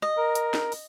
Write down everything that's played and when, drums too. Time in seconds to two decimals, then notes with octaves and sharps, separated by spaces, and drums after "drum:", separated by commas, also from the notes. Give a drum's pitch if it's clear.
0.02 D#5
0.17 A#4
0.35 drum: hi-hat
0.54 drum: snare
0.72 drum: open hi-hat